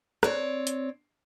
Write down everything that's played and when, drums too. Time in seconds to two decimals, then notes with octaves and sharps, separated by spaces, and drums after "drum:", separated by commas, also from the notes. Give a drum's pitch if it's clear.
0.23 C4 C#5 D5, drum: rim click
0.67 drum: hi-hat